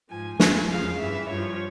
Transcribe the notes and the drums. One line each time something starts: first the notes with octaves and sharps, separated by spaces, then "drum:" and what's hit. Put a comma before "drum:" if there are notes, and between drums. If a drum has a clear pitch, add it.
G#2 F3 G#5
E2 E3 G#5, drum: snare
F2 C#3 F3 F5
G2 E3 E5
G2 F3 C#5